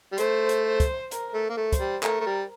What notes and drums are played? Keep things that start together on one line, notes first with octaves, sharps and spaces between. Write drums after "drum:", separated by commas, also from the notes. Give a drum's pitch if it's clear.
G3
A3 C5, drum: hi-hat
drum: hi-hat
C5
drum: kick, hi-hat
A#4, drum: hi-hat
A3
A#3
A3
C5, drum: kick, hi-hat
G3
A3 A#4, drum: clap
A3
G3